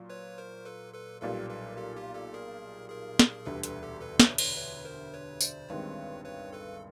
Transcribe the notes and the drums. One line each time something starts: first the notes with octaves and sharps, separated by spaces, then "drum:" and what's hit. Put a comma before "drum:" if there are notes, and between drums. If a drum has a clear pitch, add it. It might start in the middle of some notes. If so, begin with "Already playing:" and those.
Already playing: A#2 F#3
B4 C#5
A#4 C5
A4 B4
A4 B4
B1 A#2 G3 A#3 A4 B4
A4 B4
G4 A4
F4 G4
G4 A4
G#4 A#4
G#4 A#4
drum: snare
E1 D2 D3 G3 A4 B4
A4 B4, drum: hi-hat
G4 A4
A4 B4
B4 C#5, drum: snare
B4 C#5, drum: cymbal
B4 C#5
A#4 C5
B4 C#5
C5 D5, drum: tambourine
G1 G2 D#3 G#3 C4 B4 C#5
B4 C#5
A4 B4